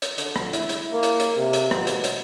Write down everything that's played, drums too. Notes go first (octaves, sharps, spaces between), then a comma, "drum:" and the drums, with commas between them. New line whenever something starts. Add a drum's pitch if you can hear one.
drum: hi-hat
D3, drum: hi-hat
drum: rim click
E4, drum: hi-hat
drum: hi-hat
A#3
drum: hi-hat
drum: hi-hat
C3
drum: hi-hat
B2, drum: rim click
drum: hi-hat
drum: hi-hat